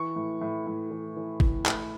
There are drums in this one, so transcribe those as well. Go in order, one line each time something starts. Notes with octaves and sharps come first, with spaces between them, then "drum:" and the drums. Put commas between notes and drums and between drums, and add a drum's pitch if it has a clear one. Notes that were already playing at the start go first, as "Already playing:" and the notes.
Already playing: E3 C#6
A2
A2
A2
E3
E3
A2, drum: kick
A2, drum: clap